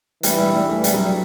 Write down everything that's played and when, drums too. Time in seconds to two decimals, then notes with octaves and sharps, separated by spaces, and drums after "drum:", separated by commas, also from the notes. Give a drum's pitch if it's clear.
0.23 E3 G3, drum: hi-hat
0.39 G3
0.54 G3
0.69 A3
0.84 G3, drum: hi-hat
0.94 F#3
1.04 G3